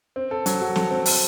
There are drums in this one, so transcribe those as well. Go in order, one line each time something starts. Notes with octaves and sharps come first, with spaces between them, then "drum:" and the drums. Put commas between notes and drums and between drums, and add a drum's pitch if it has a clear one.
C4
A4
F#3, drum: hi-hat
F#4
A4, drum: snare
C4
A4, drum: open hi-hat